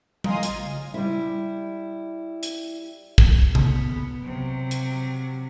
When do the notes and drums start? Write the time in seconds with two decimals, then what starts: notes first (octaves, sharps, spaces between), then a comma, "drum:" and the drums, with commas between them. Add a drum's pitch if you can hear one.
0.24 D#5 F5 G#5 A#5 C6 D#6, drum: tom G3
0.43 A1 F4, drum: hi-hat
0.59 C#3
0.94 G3 E4
2.43 drum: hi-hat
3.18 drum: kick
3.55 B3, drum: tom C3
4.23 C3 F#3
4.71 drum: hi-hat